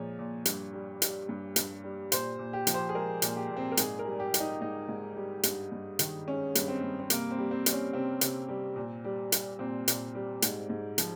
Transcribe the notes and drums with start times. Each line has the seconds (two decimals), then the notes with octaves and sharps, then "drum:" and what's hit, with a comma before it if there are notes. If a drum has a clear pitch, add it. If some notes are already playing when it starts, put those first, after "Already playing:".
Already playing: A#2 F3 G#3 C#5
0.19 A#2
0.45 G2, drum: hi-hat
0.73 G3
1.02 G3, drum: hi-hat
1.29 G2
1.56 G2, drum: hi-hat
1.84 G3
2.12 A#2 C5, drum: hi-hat
2.39 A#2
2.53 G4
2.67 F3, drum: hi-hat
2.74 C5
2.89 G#4
2.95 G#3 A#4
3.22 A#2, drum: hi-hat
3.36 G4
3.50 A#2
3.57 C4
3.72 A#4
3.77 G#2 G#4, drum: hi-hat
3.99 A#4
4.05 G3
4.20 G4
4.34 G3, drum: hi-hat
4.40 D#4
4.61 G#2 D#4
4.88 G#2
5.16 G3
5.43 G2, drum: hi-hat
5.72 G2
5.99 D#3, drum: hi-hat
6.27 G#3 C#4
6.55 G2, drum: hi-hat
6.68 C4
6.83 G2
7.00 C4
7.10 C3 A#3, drum: hi-hat
7.31 C4
7.38 G3
7.51 C4
7.66 G3, drum: hi-hat
7.72 C#4
7.93 C3 C4
8.21 C3, drum: hi-hat
8.49 G3
8.76 A#2
9.04 G3
9.32 G3, drum: hi-hat
9.59 A#2 C4
9.88 A#2, drum: hi-hat
10.15 G3
10.42 G#2, drum: hi-hat
10.70 G#2
10.98 F3, drum: hi-hat